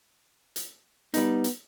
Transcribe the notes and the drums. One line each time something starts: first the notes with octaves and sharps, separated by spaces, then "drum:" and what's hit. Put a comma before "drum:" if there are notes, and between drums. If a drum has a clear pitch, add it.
drum: hi-hat
G3 B3 D#4, drum: hi-hat
drum: hi-hat